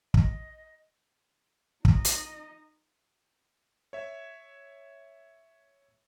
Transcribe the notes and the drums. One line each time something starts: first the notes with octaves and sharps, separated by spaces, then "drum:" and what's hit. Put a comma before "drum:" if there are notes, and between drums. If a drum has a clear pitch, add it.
D#5, drum: kick
D#4 D#5, drum: kick
drum: hi-hat
C#5 E5